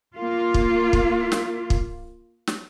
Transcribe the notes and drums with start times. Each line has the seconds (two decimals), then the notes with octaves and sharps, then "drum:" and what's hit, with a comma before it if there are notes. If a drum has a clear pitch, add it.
0.16 A#3 F4
0.54 drum: kick
0.93 drum: kick
1.32 drum: snare
1.70 drum: kick
2.47 drum: snare